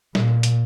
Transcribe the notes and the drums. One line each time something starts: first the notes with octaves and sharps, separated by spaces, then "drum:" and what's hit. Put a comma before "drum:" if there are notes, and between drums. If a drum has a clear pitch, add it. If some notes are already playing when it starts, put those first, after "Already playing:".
A#2, drum: snare
drum: hi-hat